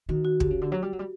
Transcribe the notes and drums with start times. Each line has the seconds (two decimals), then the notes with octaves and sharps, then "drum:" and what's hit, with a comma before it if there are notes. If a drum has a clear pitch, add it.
0.09 D#3 F#4
0.25 F#4
0.40 D3 G4, drum: kick
0.51 C#3
0.61 D3
0.72 F#3
0.82 G3
0.93 F#3
0.99 G3